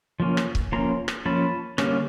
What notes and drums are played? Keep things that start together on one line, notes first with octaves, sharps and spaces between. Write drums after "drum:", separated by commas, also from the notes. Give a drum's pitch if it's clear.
F3 A#3 C#4
drum: rim click
drum: kick C#1
F3 A#3 C#4 A#5 C6
drum: rim click
F3 A#3 C#4 A5 B5
D3 G3 A#3 C#4, drum: rim click